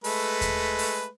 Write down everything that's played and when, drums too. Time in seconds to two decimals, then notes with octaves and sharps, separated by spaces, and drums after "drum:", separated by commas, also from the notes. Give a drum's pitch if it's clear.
0.04 G#3 A3 B4, drum: open hi-hat
0.41 drum: kick D#2, hi-hat
0.79 drum: open hi-hat